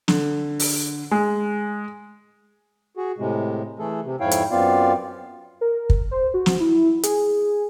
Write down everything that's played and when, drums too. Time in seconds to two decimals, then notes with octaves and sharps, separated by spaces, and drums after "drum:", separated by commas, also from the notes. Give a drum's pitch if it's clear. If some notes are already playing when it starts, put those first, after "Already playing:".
0.08 D3, drum: snare
0.59 drum: open hi-hat
1.11 G#3
2.97 F#4 G#4
3.18 A2 C3 G#3
3.79 E3 A3 G#4 A4
4.04 C3
4.20 F2 G#2 E4 C#5 F5 G5
4.31 drum: hi-hat
4.51 F#2 B3 C4 F4 D5 F5
5.61 A#4
5.90 drum: kick
6.11 C5
6.34 F#4
6.46 drum: snare
6.60 E4
7.03 G#4, drum: hi-hat